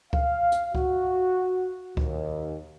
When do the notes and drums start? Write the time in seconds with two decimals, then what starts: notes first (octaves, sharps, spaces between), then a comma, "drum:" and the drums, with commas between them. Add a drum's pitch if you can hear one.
0.13 F5, drum: kick C#2
0.52 drum: hi-hat
0.75 F#4, drum: kick C#2
1.97 D#2, drum: kick C#2